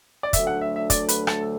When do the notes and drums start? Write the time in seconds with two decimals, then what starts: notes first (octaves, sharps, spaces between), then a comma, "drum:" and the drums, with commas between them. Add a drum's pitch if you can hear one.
0.23 D5
0.33 D2 D3 F#3 A3 E5, drum: kick, hi-hat
0.47 F#5
0.61 E5
0.76 E5
0.90 D5, drum: kick, hi-hat
1.09 B4, drum: hi-hat
1.27 A4, drum: rim click